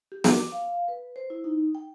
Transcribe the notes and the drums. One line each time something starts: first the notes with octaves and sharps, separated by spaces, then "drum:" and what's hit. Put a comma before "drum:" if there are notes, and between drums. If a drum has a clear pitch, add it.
G4
D6, drum: snare
F5
B4
C5
E4
D#4
G5